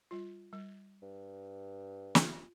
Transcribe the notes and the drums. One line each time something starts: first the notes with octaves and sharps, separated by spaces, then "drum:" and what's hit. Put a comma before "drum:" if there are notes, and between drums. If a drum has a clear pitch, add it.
G3 F4
G3
G2
F4, drum: snare